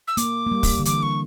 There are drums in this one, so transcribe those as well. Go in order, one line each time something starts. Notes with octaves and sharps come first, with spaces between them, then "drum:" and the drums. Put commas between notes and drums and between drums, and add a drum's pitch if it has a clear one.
E6
A#3 D6, drum: hi-hat
A#3
G3
drum: kick, open hi-hat
D3
E3 D6, drum: hi-hat
C#6